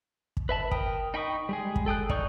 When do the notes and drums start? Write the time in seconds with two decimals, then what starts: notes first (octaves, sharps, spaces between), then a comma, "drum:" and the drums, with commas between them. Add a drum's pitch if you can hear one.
0.37 drum: kick
0.49 B4 E5 A5 B5
0.71 A#4 G5 D#6, drum: kick
1.14 D#4 G5 B5 C#6 D#6
1.49 G3 G#3 G#4
1.76 drum: kick
1.86 A4 G5 D#6 F#6
2.09 D#4 D5 C#6 D#6 G6, drum: kick